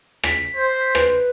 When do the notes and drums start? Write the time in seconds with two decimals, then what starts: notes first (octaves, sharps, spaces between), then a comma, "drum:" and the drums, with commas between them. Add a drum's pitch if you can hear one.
0.24 B6, drum: rim click
0.56 C5
0.95 B4, drum: rim click